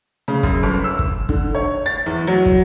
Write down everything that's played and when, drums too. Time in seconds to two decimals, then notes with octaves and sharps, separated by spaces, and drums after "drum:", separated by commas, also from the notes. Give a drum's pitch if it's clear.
0.28 C#3
0.43 F#2, drum: kick
0.63 G1
0.84 E6
0.99 drum: kick
1.29 D3, drum: kick
1.55 C#5
1.86 A6
2.06 E2
2.27 F#3
2.46 drum: kick